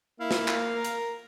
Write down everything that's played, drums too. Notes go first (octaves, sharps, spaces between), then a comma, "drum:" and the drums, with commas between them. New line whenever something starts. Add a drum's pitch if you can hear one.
A#3 E4 F5
drum: snare
drum: clap
A#4
drum: hi-hat